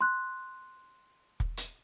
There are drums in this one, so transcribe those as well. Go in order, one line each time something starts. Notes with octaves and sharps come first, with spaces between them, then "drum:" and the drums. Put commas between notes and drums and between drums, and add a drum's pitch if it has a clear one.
C6 F#6
drum: kick
drum: hi-hat